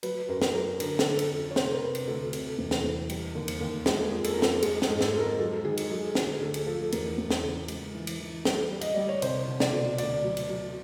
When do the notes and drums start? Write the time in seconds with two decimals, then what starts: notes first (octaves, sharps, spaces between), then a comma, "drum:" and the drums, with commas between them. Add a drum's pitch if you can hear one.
0.03 F#3 B4, drum: cymbal
0.29 F#2 A#4
0.42 drum: snare
0.54 F#3 A#4
0.80 D3 A#4, drum: cymbal
0.99 A4, drum: snare
1.05 D3
1.19 A4, drum: cymbal
1.31 F2
1.50 C#5
1.56 C3 C5, drum: snare
1.72 A#4
1.81 C3 B4
1.95 drum: cymbal
2.07 D2 A4
2.33 C3 A4, drum: cymbal
2.58 E2
2.71 drum: snare
2.84 E2
3.09 G3, drum: cymbal
3.35 D#2
3.48 drum: cymbal
3.61 D#2
3.86 G#3 G#4, drum: snare
4.12 F2
4.24 A4, drum: cymbal
4.34 F2 A#4
4.42 A4, drum: snare
4.62 G#3 G#4, drum: cymbal
4.82 A4, drum: snare
4.88 G#2
5.01 A4, drum: snare
5.14 G#3
5.20 A#4
5.39 F#3 A4
5.65 D#3 G#4
5.77 drum: cymbal
5.90 F#3 A4
6.15 D3 G#4, drum: snare
6.41 D2 A4
6.54 drum: cymbal
6.67 F3 A4
6.92 E2 A#4, drum: cymbal
7.18 E2
7.30 drum: snare
7.43 C#3
7.68 G#3, drum: cymbal
7.95 E3
8.07 drum: cymbal
8.20 E3
8.45 G3, drum: snare
8.71 G3
8.81 D#5, drum: cymbal
8.95 G3 D5
9.09 C#5
9.22 C2 C5, drum: cymbal
9.47 C2
9.60 D5, drum: snare
9.73 B2
9.98 D2 D5, drum: cymbal
10.24 F#3
10.37 drum: cymbal
10.50 F#3